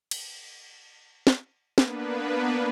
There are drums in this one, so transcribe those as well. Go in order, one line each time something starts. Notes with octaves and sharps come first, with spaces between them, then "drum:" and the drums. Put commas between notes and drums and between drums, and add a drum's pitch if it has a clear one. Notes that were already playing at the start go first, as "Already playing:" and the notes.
drum: cymbal
drum: snare
A#3 B3 D4 B4, drum: snare